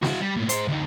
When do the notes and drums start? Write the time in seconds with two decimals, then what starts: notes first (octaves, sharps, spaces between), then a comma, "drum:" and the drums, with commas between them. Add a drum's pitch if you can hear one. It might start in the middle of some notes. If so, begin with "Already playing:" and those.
0.03 E4 F#4, drum: snare
0.21 G3
0.36 A2 A#3
0.49 G#4 C5, drum: hi-hat
0.68 D2 D#4